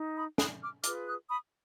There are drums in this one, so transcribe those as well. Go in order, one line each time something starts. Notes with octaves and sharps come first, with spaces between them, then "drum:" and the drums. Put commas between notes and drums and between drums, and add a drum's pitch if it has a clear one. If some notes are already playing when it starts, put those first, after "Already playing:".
Already playing: D#4
B5 D#6
D#6 F#6, drum: snare
D6 F6
F4 G#4 B4 D6 F6, drum: hi-hat
D#6 F#6
B5 D#6